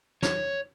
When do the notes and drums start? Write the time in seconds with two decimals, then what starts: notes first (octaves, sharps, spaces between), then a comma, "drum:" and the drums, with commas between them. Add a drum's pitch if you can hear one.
0.23 C#5, drum: snare